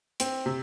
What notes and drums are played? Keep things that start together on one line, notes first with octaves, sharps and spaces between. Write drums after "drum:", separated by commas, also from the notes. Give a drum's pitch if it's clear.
C4, drum: hi-hat
C3